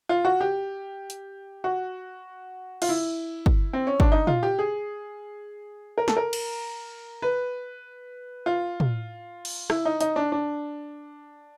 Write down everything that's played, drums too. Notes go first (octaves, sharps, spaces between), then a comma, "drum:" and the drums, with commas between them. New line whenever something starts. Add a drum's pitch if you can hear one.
F4
F#4
G4
drum: hi-hat
F#4
F4, drum: cymbal
E4
drum: kick
C4
C#4
D4, drum: kick
D#4
F4, drum: tom A#2
G4
G#4
A#4
A4, drum: snare
A#4
drum: cymbal
B4
F4
drum: tom
drum: cymbal
E4, drum: rim click
D#4
D#4, drum: hi-hat
D4
D4